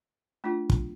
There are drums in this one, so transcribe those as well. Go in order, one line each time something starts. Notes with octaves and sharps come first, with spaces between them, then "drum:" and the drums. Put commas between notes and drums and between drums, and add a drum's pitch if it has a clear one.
A3 D4 F4
drum: kick